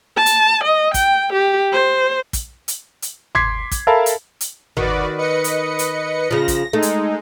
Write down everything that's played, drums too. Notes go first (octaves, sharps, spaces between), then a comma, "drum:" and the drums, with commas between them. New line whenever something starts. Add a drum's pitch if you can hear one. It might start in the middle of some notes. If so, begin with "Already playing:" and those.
A5
drum: hi-hat
D#5
G5, drum: kick, hi-hat
G4
C5
drum: kick, hi-hat
drum: hi-hat
drum: hi-hat
C6 D6 G#6 B6 C7, drum: tom
drum: kick, hi-hat
A4 A#4 E5 F5 A5 B5
drum: hi-hat
drum: hi-hat
D#3 F#4 B4 D5, drum: tom
B4 D#5 C#7
drum: hi-hat
drum: hi-hat
C#3 F3 A#6
drum: kick, hi-hat
G#3 A3 D#4
drum: hi-hat